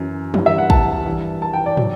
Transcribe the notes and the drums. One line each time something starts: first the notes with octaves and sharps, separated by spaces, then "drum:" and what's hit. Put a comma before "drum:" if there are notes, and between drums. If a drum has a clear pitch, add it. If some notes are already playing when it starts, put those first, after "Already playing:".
Already playing: F#2 E3
G2 E3, drum: tom
E5
F#5
A5, drum: kick
G2 E3
A5
G5
D5
F#3, drum: tom